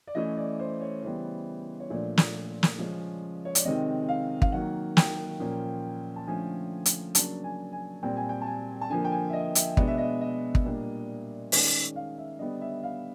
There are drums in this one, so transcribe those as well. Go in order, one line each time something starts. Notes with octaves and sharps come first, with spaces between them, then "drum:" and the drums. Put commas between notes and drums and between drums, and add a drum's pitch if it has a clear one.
D5
E3 A3 C#4 D#5
D5
C5
C#5
C#3 E3 G3 B3 C5
C#5
A#2 F3 A3 D4 D5
drum: snare
drum: snare
C#3 F3 G#3 C#4
C#5
D5, drum: hi-hat
C3 D#3 G#3 C4 D#5
F5
F5, drum: kick
D#3 F#3 A#3 F#5
G5, drum: snare
A#2 F3 A#3 C#4
A5
D3 F3 A3 C#4 G#5
drum: hi-hat
C#3 F#3 A#3 D4 A5, drum: hi-hat
G#5
G#5
A#2 G3 C4 G5
G#5
G5
A5
G#5
A5
D3 F3 A#3 G#5
G5
G#5
E5
D#5
E5, drum: hi-hat
B2 G#3 B3 D4 D#5, drum: kick
E5
D#5
D#5
drum: kick
A#2 G3 A#3 D4
D#3 G#3 C#4 D5, drum: open hi-hat
F5
E5
D3 G3 B3 D#5
E5
F5